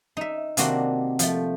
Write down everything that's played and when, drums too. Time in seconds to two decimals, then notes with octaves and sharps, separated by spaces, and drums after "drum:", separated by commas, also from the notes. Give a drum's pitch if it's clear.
0.17 D#4 E5
0.57 C3 D#3 A#3 D4 F#4, drum: hi-hat
1.19 F3 A3, drum: hi-hat